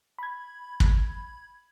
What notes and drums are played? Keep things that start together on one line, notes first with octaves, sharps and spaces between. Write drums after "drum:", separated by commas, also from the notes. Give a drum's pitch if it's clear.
B5 G#6
drum: kick